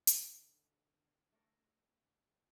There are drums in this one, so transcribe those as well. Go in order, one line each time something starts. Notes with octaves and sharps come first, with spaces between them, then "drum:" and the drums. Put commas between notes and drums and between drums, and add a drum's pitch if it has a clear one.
D3 D#3 D4, drum: hi-hat
A3 A4 A#4 D5